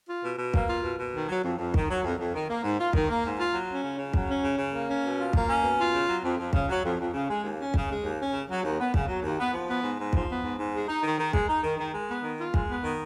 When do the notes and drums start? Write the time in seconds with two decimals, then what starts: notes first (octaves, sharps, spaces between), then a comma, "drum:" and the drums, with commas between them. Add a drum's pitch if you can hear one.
0.08 F4
0.24 B2
0.38 B2
0.54 A#3, drum: kick
0.69 F4
0.83 B2
0.99 B2
1.13 D#3
1.29 F#3
1.44 F2
1.59 F2
1.74 D#3, drum: kick
1.89 F#3
2.04 F2
2.18 F2
2.34 D#3
2.49 A#3
2.64 G#2
2.79 F4
2.93 D#3, drum: kick
3.08 A#3
3.24 G#2
3.38 F4
3.53 F#3
3.69 C#4
3.84 C#3
3.98 C#3
4.14 F#3, drum: kick
4.28 C#4
4.43 C#3
4.58 C#3
4.74 A#3
4.88 C#4
5.03 B2
5.18 F4
5.33 A#3, drum: kick
5.48 C#4
5.63 B2
5.78 F4
5.93 C#3
6.08 F#3
6.24 F2
6.38 F2
6.53 C#3, drum: kick
6.69 F#3
6.84 F2
6.99 F2
7.14 C#3
7.29 G#3
7.44 D#2
7.58 C#4
7.74 C#3, drum: kick
7.89 G#3
8.03 D#2
8.19 C#4
8.33 C#3
8.49 F#3
8.63 D#2
8.79 B3
8.94 C#3, drum: kick
9.08 F#3
9.23 D#2
9.39 B3
9.53 F3
9.68 B3
9.83 G#2
9.99 G#2
10.13 F3, drum: kick
10.28 B3
10.43 G#2
10.59 G#2
10.73 G#3
10.88 D#4
11.03 D#3
11.18 D#3
11.33 G#3, drum: kick
11.48 D#4
11.63 D#3
11.78 D#3
11.93 G#3
12.08 B3
12.23 D#3
12.39 F4
12.54 G#3, drum: kick
12.69 B3
12.83 D#3